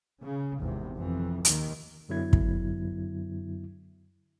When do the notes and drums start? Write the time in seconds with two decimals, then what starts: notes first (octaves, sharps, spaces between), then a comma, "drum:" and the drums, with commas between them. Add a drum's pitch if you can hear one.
0.22 C#3
0.59 G#1 E2 C3
0.97 F2 E3
1.45 D#2 D#3, drum: hi-hat
2.09 F#2 D3 F#3 B3 E4 G#6
2.33 drum: kick